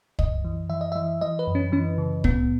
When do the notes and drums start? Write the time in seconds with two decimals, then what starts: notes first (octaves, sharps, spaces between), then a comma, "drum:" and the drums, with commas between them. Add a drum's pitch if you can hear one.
0.19 F#2 D#5, drum: kick
0.44 E3
0.70 E3 E5
0.81 D#5
0.92 E3 E5
1.21 E3 D#5
1.39 B4
1.47 F#2
1.55 C#4
1.72 E3 C#4
1.98 C#3
2.24 A2 B3, drum: kick